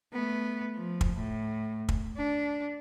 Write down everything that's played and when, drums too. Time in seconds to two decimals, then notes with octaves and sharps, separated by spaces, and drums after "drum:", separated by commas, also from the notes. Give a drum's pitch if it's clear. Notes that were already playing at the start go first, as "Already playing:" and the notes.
0.13 A3 B3
0.76 F3
1.01 drum: kick
1.15 A2
1.89 drum: kick
2.16 D4